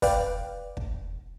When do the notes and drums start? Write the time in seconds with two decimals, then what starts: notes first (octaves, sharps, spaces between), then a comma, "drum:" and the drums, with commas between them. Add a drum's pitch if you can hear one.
0.02 B4 D5 F5 G5, drum: kick, open hi-hat
0.77 drum: kick